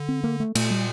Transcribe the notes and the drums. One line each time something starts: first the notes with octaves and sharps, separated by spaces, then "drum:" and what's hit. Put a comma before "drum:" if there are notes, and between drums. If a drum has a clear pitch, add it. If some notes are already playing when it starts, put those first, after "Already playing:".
Already playing: D3
C4
A#3
A3
A#2 A3, drum: cymbal
G3